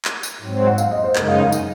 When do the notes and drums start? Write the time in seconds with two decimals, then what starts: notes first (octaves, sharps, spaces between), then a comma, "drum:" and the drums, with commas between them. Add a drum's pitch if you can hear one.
0.05 drum: clap
0.23 drum: tambourine
0.41 G#2 F#3 C4
0.67 F#5
0.78 F5, drum: tambourine
0.91 D#5
1.04 C5
1.16 F#2 C#3 G#3 D#4 A#4, drum: clap
1.28 F5
1.40 F5
1.52 drum: tambourine